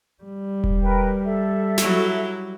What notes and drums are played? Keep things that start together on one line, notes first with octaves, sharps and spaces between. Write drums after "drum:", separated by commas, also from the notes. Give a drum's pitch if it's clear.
G3
drum: kick E1
A#4 B4 G5
A4 E5
F#3 E4, drum: snare